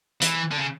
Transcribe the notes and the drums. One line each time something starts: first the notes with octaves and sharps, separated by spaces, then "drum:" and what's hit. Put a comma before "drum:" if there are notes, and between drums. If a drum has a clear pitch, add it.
E3, drum: hi-hat
D3
C#3